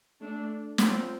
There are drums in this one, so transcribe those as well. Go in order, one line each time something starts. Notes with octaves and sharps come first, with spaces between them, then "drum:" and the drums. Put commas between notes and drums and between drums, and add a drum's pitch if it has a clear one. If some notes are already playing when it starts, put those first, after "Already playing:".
A3 D4
C4 F4, drum: snare